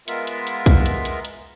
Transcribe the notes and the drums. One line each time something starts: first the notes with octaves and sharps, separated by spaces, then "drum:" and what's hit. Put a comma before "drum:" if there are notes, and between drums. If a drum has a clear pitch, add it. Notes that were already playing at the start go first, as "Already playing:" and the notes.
G#3 B3 F4 A#4 E5, drum: hi-hat
drum: hi-hat
drum: hi-hat
drum: kick, hi-hat
drum: hi-hat
drum: hi-hat
drum: hi-hat